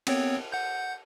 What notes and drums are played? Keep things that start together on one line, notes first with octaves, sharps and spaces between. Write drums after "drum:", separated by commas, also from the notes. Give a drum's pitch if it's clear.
B3 C4 C#5, drum: cymbal
F#5 G6